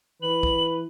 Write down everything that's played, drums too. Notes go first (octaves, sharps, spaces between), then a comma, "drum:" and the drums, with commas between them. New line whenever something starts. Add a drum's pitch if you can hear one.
E3 B4 F#7
drum: kick